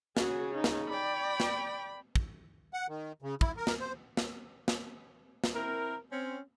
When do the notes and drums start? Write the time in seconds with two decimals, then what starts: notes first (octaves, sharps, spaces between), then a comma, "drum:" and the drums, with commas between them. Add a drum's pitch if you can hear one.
0.17 C#3 F#4 G#4, drum: snare
0.54 D#4
0.64 drum: snare
0.89 D5 G5 B5
1.40 drum: snare
2.15 drum: kick
2.73 F#5
2.89 D#3
3.22 C#3
3.41 E4, drum: kick
3.57 A#4
3.67 drum: snare
3.80 C5
4.17 drum: snare
4.68 drum: snare
5.44 drum: snare
5.55 C4 E4 A#4
6.11 C4 C#4